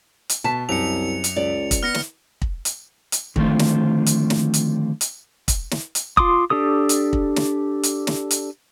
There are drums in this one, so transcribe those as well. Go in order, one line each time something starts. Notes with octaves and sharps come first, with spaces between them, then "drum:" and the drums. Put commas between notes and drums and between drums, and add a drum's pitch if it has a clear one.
drum: hi-hat
B2 A5 B6
C2 F#2 C#7 F7
drum: hi-hat
C#2 D5
drum: kick, hi-hat
B3 F6 A#6 C#7
drum: snare
drum: kick
drum: hi-hat
drum: hi-hat
D3 D#3 F3 A3 C4 F4, drum: kick
drum: snare
drum: hi-hat
drum: snare
drum: hi-hat
drum: hi-hat
drum: kick, hi-hat
drum: snare
drum: hi-hat
F4 C6 D6 D#6, drum: kick
D4 G4 A4 D#6
drum: hi-hat
drum: kick
drum: snare
drum: hi-hat
drum: snare
drum: hi-hat